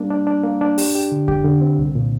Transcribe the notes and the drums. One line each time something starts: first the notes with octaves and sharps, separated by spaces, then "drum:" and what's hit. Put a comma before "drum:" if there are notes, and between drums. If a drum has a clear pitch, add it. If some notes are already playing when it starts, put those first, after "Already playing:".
Already playing: G3 A#3 D4
D4
D4
A#3
D4
G4, drum: open hi-hat
G4
D3
G4, drum: kick F2
D3
C4
C2
A#2